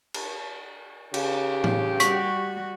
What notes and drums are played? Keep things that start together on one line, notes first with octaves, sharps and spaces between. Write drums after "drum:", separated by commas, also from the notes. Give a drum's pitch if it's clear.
drum: cymbal
C#3 G4, drum: cymbal
drum: tom A2
G3 F#4 C#6 B6, drum: hi-hat